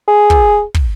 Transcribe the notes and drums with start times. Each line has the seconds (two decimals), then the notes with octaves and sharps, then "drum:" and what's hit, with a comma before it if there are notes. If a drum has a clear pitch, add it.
0.08 G#4
0.30 drum: kick
0.74 drum: kick